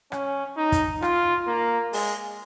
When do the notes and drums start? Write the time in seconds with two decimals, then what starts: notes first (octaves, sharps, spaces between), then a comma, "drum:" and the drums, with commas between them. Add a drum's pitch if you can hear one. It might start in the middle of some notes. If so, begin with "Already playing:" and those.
0.12 C#4, drum: rim click
0.57 D#4
0.72 drum: kick, hi-hat
1.02 F4, drum: rim click
1.47 A#3
1.93 G#3, drum: open hi-hat